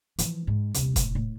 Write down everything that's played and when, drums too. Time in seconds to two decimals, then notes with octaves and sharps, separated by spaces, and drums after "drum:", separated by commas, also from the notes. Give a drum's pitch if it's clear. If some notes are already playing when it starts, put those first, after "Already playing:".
0.19 E3 F3, drum: hi-hat
0.47 G#2
0.74 D#1 C2, drum: hi-hat
0.96 A2 C4, drum: kick, hi-hat
1.15 A2